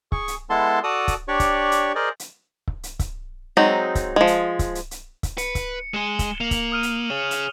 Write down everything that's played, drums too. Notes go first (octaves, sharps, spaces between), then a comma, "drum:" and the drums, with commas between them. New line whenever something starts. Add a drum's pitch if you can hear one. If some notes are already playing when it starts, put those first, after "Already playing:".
G#4 C#6, drum: kick C#1
drum: hi-hat
G#3 B3 E4 A4 A5 C6
F#4 A4 D5 A5 D#6
drum: kick C#1, hi-hat
D4 G4 C#5 D5 C#6
drum: kick C#1, hi-hat
drum: hi-hat
G#4 A#4 C5 D5 D#5
drum: hi-hat
drum: kick C#1
drum: hi-hat
drum: kick C#1, hi-hat
F#3 G#3 C4 D#4
drum: kick C#1, hi-hat
F3 G#3
drum: hi-hat
drum: kick C#1, hi-hat
drum: hi-hat
drum: hi-hat
drum: kick C#1, hi-hat
B4 C#7, drum: hi-hat
drum: kick C#1, hi-hat
G#3 G#4 E7 G7
drum: kick C#1, hi-hat
A#3 F7 F#7
drum: kick C#1, hi-hat
D#6 F6 D#7
drum: hi-hat
G#4 C#5 E7
drum: hi-hat